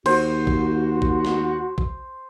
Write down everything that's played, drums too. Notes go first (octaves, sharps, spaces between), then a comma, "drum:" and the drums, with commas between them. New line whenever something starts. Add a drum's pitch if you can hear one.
D#2 F#4 C5, drum: cymbal
drum: kick
drum: kick
drum: snare
drum: kick